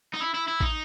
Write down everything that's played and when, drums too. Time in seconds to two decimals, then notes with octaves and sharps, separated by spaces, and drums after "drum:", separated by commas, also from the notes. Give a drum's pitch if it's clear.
0.14 D#4
0.20 E4
0.34 E4
0.48 E4
0.60 D#4, drum: kick